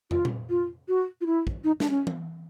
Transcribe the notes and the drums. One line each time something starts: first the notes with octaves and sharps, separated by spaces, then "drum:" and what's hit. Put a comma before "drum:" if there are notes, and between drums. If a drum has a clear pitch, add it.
F4, drum: tom
drum: tom A#2
F4
F#4
F4
E4
drum: kick
D#4
D4, drum: snare
C#4
drum: tom E3